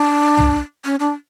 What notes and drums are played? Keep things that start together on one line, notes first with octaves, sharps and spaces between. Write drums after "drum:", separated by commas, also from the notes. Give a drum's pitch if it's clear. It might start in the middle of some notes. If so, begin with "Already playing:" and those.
Already playing: D4
drum: tom
C#4
D4